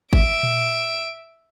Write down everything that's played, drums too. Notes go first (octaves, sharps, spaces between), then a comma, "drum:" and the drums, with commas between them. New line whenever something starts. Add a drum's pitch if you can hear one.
E5 D7, drum: kick G1
drum: tom A#2